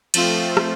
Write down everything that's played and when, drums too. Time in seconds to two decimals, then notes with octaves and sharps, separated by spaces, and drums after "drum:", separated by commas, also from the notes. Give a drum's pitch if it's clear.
0.14 F3 A3 C4 F4, drum: cymbal
0.57 drum: rim click